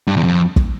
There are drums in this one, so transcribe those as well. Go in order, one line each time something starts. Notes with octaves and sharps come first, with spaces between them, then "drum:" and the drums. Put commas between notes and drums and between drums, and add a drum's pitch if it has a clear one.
G2
E2
F2
drum: kick